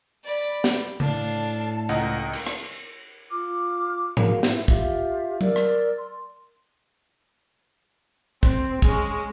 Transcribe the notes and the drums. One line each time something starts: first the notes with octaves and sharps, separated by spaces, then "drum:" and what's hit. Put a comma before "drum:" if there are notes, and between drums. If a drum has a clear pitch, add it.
D5 B5
drum: snare
A2 D4 F5 A5, drum: tom C#3
C#2 D#4 D#5 F#5 A#5, drum: hi-hat
drum: cymbal
drum: rim click
F4 D6 F6
F#4 G#4 A#4 F5, drum: tom
D#4 E4 E5, drum: snare
F4 G4 E5 F5, drum: kick
A#4 D5 E6, drum: tom F#3
drum: rim click
C6
C4, drum: kick
G#3 C#4, drum: kick